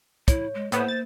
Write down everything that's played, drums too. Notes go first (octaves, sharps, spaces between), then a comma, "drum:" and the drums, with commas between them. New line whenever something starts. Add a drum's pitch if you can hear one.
E4 C#5, drum: kick, hi-hat
G#3
A2 A#3 B3 C5, drum: hi-hat
A6